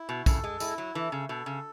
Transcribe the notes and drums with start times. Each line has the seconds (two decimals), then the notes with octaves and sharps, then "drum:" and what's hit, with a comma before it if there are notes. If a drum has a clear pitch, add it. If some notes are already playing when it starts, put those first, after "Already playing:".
Already playing: E4
0.09 B2
0.26 C#3 A4, drum: kick, tambourine
0.44 G#3
0.60 G#3 E4, drum: tambourine
0.78 F#3
0.94 E3 A4
1.12 C#3
1.29 B2 A4
1.46 C#3